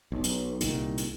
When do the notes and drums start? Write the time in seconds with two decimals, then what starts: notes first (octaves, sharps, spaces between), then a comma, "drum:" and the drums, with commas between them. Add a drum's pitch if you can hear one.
0.12 B1
0.24 drum: hi-hat
0.61 C2 A#2 D#3, drum: hi-hat
0.98 drum: hi-hat